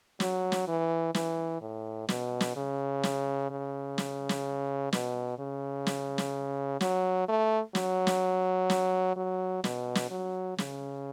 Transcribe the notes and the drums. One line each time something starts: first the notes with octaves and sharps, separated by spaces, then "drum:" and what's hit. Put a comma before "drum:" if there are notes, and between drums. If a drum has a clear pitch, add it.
F#3, drum: snare
drum: snare
E3
E3, drum: snare
A2
B2, drum: snare
drum: snare
C#3
drum: snare
C#3
drum: snare
drum: snare
B2, drum: snare
C#3
drum: snare
drum: snare
F#3, drum: snare
A3
F#3, drum: snare
drum: snare
drum: snare
F#3
B2, drum: snare
drum: snare
F#3
C#3, drum: snare